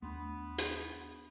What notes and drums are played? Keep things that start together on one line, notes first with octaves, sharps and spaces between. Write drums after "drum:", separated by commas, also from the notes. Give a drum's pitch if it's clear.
D#2 A3 B3 D4 B5 C6
drum: hi-hat